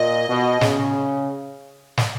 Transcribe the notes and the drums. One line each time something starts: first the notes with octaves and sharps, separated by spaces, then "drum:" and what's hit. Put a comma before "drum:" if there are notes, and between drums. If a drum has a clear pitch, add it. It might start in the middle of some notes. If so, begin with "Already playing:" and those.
Already playing: A#2 D#5
B2
C#3, drum: snare
drum: snare